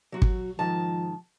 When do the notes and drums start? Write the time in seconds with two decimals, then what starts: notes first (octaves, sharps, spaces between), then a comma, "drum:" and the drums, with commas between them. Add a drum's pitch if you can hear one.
0.12 F#3 F#4
0.22 drum: kick
0.59 G#2 D#3 F3 A5